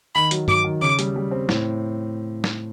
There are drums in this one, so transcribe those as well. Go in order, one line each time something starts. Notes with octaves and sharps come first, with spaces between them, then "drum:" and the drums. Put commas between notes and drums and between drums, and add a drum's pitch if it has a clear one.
D#3 B5
F#3, drum: hi-hat
F#3 D6, drum: tom G2
D#3
C#3 D6
G3, drum: hi-hat
G3
C4
A2, drum: snare
drum: snare